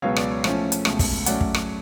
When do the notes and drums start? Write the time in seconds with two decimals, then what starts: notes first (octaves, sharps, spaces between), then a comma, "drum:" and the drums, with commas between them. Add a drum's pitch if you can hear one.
0.02 C#2 B2 F#3 B3 C#5 F5
0.16 D5, drum: rim click
0.31 C#5
0.44 A2 F3 A3 C#4, drum: rim click
0.72 drum: hi-hat
0.85 C#2 B2 A3, drum: rim click
0.99 drum: kick, open hi-hat
1.26 A2 F#3 A3 C#4 D5 F#5, drum: hi-hat
1.41 drum: kick
1.54 drum: rim click